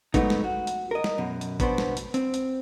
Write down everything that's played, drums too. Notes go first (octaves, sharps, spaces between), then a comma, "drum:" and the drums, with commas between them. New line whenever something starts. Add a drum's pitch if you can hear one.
G#2 D3 F#3 A3 B3 D#4, drum: kick, hi-hat
drum: snare
F#4
drum: hi-hat
A#4 D#5
drum: snare
F#2 B2
drum: hi-hat
B2 B3 D4 C5, drum: kick, hi-hat
drum: snare
drum: hi-hat
C4, drum: hi-hat
drum: hi-hat